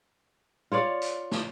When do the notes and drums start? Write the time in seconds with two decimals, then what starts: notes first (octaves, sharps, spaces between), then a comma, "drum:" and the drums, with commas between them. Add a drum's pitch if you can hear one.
0.72 F4 C#5 D5 F5
1.02 drum: hi-hat
1.31 drum: snare